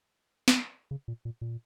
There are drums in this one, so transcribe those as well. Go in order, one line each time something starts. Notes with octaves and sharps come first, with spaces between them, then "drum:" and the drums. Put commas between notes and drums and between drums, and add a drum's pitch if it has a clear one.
drum: snare
C#3
A#2
A#2
A#2